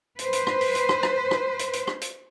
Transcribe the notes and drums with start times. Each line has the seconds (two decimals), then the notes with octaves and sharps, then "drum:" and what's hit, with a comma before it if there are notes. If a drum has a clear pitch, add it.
0.19 B4 C5, drum: hi-hat
0.33 drum: hi-hat
0.47 drum: rim click
0.61 drum: open hi-hat
0.75 drum: hi-hat
0.89 drum: rim click
1.03 drum: rim click
1.31 drum: rim click
1.59 drum: hi-hat
1.73 drum: hi-hat
1.87 drum: rim click
2.01 drum: hi-hat